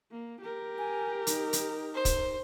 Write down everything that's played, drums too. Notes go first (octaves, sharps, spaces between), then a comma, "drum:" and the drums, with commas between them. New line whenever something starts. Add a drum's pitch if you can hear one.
A#3
G4 A#4
G#5
D#4, drum: hi-hat
drum: hi-hat
C5
drum: kick, hi-hat